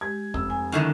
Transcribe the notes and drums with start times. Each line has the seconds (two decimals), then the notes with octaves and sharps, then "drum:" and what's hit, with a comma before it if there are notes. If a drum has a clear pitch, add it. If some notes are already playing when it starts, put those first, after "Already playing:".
0.01 G#3 G4 G#6
0.34 F1 E6, drum: kick
0.50 G#5
0.72 F#2 D3 D#3 E4 C#6